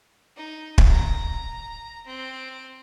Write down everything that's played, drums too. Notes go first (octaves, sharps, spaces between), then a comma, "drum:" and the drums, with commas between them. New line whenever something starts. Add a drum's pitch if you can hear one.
D#4
drum: kick
A#5
C4